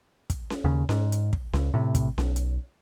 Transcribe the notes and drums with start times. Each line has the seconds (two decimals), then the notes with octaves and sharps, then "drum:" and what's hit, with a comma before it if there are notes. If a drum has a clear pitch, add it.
0.30 drum: kick, hi-hat
0.50 drum: snare C#4
0.64 D#2 C#3
0.89 G#2, drum: snare C#4
1.12 drum: hi-hat
1.33 drum: kick
1.53 C#2, drum: snare C#4
1.74 A2 C3
1.95 drum: kick, hi-hat
2.18 B1, drum: snare C#4
2.36 drum: hi-hat